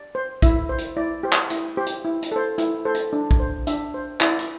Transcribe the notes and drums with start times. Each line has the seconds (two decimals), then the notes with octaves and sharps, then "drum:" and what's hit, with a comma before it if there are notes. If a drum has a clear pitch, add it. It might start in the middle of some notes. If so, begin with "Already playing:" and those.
Already playing: D5
0.15 C5
0.42 E4 E5, drum: kick A#1, hi-hat
0.69 C5
0.78 drum: hi-hat
0.96 E4 D5
1.23 G4 C5
1.32 drum: clap
1.50 E4, drum: hi-hat
1.77 G4 C5
1.86 drum: hi-hat
2.05 E4
2.23 drum: hi-hat
2.32 A4 C5
2.58 E4, drum: hi-hat
2.85 A4 C5
2.95 drum: hi-hat
3.13 D4
3.31 drum: kick A#1
3.40 C5
3.67 D4 E5, drum: hi-hat
3.94 C5
4.21 E4 D5, drum: clap
4.39 drum: hi-hat